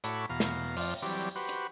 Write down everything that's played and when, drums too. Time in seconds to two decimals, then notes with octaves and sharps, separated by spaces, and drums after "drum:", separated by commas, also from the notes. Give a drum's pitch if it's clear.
0.04 A2 F#4 A4 C#5 B5 D6, drum: hi-hat
0.30 E2 B2 F5 A#5
0.40 drum: snare
0.77 F2 F3 D5 F6, drum: open hi-hat
1.02 E3 F#3 G3 C4 G4 D5
1.36 F#4 G4 B4 C5
1.49 drum: hi-hat